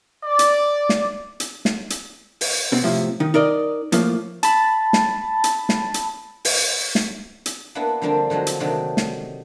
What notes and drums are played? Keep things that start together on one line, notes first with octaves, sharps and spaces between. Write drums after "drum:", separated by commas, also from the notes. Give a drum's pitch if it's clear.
D5
drum: hi-hat
drum: snare
drum: hi-hat
drum: snare
drum: hi-hat
drum: open hi-hat
B2 C4
A2 C3 F3
D#3 D#4
D#4 A#4 D5 D#5
A2 F3 A#3 F4, drum: hi-hat
A5 B5 A6, drum: hi-hat
drum: snare
drum: hi-hat
drum: snare
drum: hi-hat
drum: open hi-hat
drum: snare
drum: hi-hat
A#3 B3 D4 E4 B4
D3 F3 G3 A#3 C4 D4
D3 F3 F#3 G#3 F#4
drum: hi-hat
C3 D#3 F#3 A3 D4
drum: snare